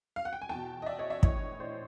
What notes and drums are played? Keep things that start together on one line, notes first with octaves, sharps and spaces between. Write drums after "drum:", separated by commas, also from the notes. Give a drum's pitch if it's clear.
F5
F#5
G5
G#5
E2 G5 A5
B2
D#5
D5 E5
C#5 D#5
D5 E5
A#1 A2 E3 C#5 D#5, drum: kick
C5 D5